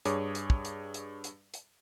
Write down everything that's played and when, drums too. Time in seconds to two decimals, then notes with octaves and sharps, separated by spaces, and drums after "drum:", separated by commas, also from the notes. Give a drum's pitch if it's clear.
0.05 G2 G#4 C#5 D6, drum: hi-hat
0.35 drum: hi-hat
0.50 drum: kick
0.65 drum: hi-hat
0.94 drum: hi-hat
1.24 drum: hi-hat
1.54 drum: hi-hat